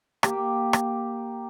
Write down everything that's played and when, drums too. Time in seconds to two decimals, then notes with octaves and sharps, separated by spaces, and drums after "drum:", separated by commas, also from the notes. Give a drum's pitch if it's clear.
0.23 A#3 G4, drum: rim click
0.73 drum: rim click